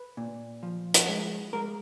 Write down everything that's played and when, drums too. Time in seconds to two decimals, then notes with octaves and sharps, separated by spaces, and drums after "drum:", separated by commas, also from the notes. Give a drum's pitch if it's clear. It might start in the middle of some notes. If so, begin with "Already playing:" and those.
Already playing: B4
0.17 A#2
0.63 F3
0.94 drum: hi-hat
1.09 G#3
1.53 G#3 A#4